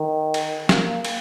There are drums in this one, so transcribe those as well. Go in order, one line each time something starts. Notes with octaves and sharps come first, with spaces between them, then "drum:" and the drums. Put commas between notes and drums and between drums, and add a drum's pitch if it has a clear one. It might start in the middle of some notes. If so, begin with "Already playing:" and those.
Already playing: D#3
drum: cymbal
A#3, drum: snare
drum: cymbal